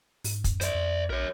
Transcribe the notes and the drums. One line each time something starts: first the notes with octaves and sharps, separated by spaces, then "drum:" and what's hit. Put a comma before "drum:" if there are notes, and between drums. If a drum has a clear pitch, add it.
G#2, drum: open hi-hat
F#2, drum: kick, hi-hat
C5 D5, drum: hi-hat
F2
A#1 A#4 C#5